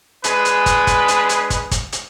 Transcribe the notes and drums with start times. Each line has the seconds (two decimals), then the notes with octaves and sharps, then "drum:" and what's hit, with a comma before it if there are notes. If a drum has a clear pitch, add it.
0.24 G#3 D4 G#4 B4, drum: hi-hat
0.45 drum: hi-hat
0.66 drum: kick, hi-hat
0.87 drum: kick, hi-hat
1.08 drum: hi-hat
1.29 drum: hi-hat
1.50 drum: kick, hi-hat
1.71 drum: kick, hi-hat
1.92 drum: hi-hat